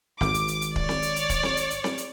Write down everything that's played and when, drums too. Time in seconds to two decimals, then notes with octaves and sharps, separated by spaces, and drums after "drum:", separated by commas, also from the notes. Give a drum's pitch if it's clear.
0.21 G#1 D6, drum: snare C4
0.34 drum: hi-hat
0.48 drum: hi-hat
0.61 drum: hi-hat
0.76 C#5 D5, drum: kick
0.89 drum: snare C4
1.02 drum: hi-hat
1.16 drum: hi-hat
1.30 drum: kick, hi-hat
1.43 drum: snare C4
1.57 drum: hi-hat
1.70 drum: hi-hat
1.84 drum: snare C4
1.98 drum: hi-hat